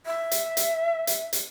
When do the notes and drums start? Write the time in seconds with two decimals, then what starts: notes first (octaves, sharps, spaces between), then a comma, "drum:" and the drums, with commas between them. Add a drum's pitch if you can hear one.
0.06 E5
0.31 drum: hi-hat
0.57 drum: hi-hat
1.07 drum: hi-hat
1.33 drum: hi-hat